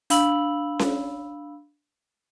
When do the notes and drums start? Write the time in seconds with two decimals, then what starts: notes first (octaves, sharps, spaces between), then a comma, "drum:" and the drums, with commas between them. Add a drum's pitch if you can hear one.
0.10 D4 F5 B5 E6 F#7, drum: hi-hat
0.79 drum: snare C#4